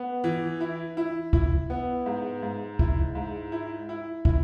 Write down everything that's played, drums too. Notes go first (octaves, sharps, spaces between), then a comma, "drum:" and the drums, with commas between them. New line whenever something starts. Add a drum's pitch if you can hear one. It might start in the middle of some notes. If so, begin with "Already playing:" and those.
Already playing: B3
E3
E4
E4
E4, drum: kick
B3
G#2
G#2
E4, drum: kick
G#2
E4
E4
E4, drum: kick